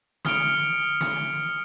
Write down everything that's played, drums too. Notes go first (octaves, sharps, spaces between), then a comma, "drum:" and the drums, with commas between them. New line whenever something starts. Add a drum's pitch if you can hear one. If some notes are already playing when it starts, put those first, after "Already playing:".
D#6 F6 C#7 D7, drum: snare
drum: snare